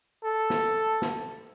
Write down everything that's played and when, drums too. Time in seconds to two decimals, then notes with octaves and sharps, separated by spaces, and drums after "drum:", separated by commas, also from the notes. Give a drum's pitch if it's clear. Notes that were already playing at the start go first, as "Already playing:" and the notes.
0.24 A4
0.50 drum: snare
1.02 drum: snare